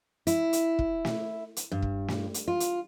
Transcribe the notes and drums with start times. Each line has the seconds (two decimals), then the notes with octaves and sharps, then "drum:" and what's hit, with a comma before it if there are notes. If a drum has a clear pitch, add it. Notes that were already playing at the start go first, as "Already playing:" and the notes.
0.27 E4, drum: hi-hat
0.53 drum: hi-hat
0.79 drum: kick
1.05 drum: snare
1.56 drum: hi-hat
1.72 G2
1.82 drum: kick
2.08 drum: snare
2.34 drum: hi-hat
2.48 F4
2.60 drum: hi-hat